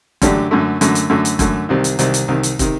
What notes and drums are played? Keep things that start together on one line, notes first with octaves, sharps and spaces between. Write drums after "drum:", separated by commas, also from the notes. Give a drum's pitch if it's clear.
F#2 D3 A3 D4 G4, drum: kick, hi-hat
F#2 D3 A3
F#2 D3 A3, drum: hi-hat
drum: hi-hat
F#2 D3 A3
drum: hi-hat
F#2 D3 A3, drum: kick, hi-hat
C2 C3 D#3
drum: hi-hat
C2 C3 D#3, drum: hi-hat
drum: hi-hat
C2 C3 D#3
drum: hi-hat
C3 D#3, drum: kick, hi-hat